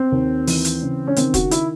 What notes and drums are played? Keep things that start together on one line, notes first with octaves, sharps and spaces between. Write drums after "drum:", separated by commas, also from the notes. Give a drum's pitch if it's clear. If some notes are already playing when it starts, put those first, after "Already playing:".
Already playing: C4
D#2
E3, drum: open hi-hat
drum: hi-hat
C#3
C#4
D#3 C4, drum: hi-hat
F#4, drum: kick, hi-hat
E4, drum: hi-hat